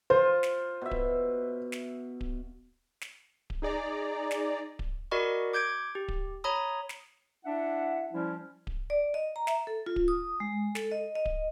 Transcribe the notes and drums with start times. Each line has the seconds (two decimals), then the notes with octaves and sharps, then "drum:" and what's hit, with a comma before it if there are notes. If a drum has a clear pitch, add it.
0.10 F4 C5
0.43 drum: snare
0.82 B2 E5
0.91 drum: kick D1
1.72 drum: snare
2.21 drum: kick D1
3.01 drum: snare
3.50 drum: kick D1
3.62 D#4 G#4 D5 A#5
4.31 drum: snare
4.79 drum: kick D1
5.11 F#4 A#4 D5 D#5 B5 C#6
5.53 D6 G6 G#6 D7
5.95 G4
6.08 drum: kick D1
6.44 C#5 A#5 B5 D#6
6.89 drum: snare
7.45 D4 E4 E5 F#5
8.13 F3 G3 C#4 E4
8.67 drum: kick D1
8.90 D5
9.14 D#5
9.36 A#5
9.47 E5, drum: snare
9.67 A4
9.86 F4
9.96 drum: kick D1
10.08 D#6
10.40 G#3
10.75 A4, drum: snare
10.91 D#5
11.15 D#5
11.25 drum: kick D1